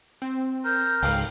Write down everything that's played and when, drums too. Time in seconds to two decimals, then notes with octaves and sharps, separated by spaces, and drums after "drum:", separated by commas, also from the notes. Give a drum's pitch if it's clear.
0.22 C4
0.65 A#4 G6
1.02 C#2 G#2 F5 G5, drum: open hi-hat